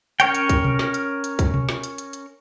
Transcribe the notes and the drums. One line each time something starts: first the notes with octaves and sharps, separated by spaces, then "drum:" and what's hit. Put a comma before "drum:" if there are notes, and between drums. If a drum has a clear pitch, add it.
C#4 A#4 C#5 G5, drum: hi-hat
drum: hi-hat
drum: kick, hi-hat
drum: tom B2
drum: snare
drum: hi-hat
drum: hi-hat
drum: kick, hi-hat
drum: tom B2
drum: snare
drum: hi-hat
drum: hi-hat
drum: hi-hat